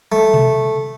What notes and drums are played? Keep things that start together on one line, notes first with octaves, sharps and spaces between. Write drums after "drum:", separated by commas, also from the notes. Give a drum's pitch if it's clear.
A3
drum: tom B2